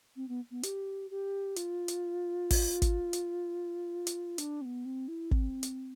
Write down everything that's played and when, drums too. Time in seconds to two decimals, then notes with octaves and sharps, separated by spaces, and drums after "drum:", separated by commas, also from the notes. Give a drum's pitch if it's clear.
0.16 C4
0.29 B3
0.51 B3
0.63 G4, drum: hi-hat
1.11 G4
1.56 F4, drum: hi-hat
1.88 drum: hi-hat
2.51 drum: kick, open hi-hat
2.82 drum: kick, hi-hat
3.13 drum: hi-hat
4.07 drum: hi-hat
4.38 D4, drum: hi-hat
4.61 C4
4.65 B3
4.85 C4
5.08 E4
5.31 C4, drum: kick
5.63 drum: hi-hat